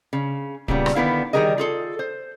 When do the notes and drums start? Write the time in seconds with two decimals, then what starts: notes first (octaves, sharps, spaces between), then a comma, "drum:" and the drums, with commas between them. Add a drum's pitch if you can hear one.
0.13 C#3
0.68 A#2 C#3 G3 B3, drum: kick D1
0.86 drum: rim click
0.95 D3 D#3 B3 E4 F5
1.33 D#3 F#3 G3 G#4 A#4 D#5
1.58 F4 G#4 A4
1.99 C5